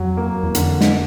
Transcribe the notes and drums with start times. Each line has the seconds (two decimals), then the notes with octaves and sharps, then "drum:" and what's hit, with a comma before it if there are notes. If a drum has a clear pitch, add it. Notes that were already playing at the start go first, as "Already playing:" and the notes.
Already playing: F2 F#3
0.17 A#3
0.43 E2
0.55 F2 D3, drum: hi-hat
0.81 drum: snare